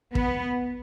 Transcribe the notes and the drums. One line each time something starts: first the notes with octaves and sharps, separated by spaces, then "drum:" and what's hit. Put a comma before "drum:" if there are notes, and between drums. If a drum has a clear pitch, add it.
B3, drum: kick